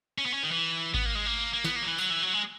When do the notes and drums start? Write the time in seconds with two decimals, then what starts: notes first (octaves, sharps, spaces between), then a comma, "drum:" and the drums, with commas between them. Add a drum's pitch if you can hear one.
0.18 C#4
0.26 B3
0.34 C#4
0.43 D#3
0.51 E3
0.94 B3, drum: kick G#1
1.06 A#3
1.15 G#3
1.26 A#3
1.54 A#3
1.64 B3, drum: snare
1.76 A#3
1.82 F#3
1.87 E3
1.98 F#3, drum: tambourine
2.10 E3
2.22 F#3
2.34 G#3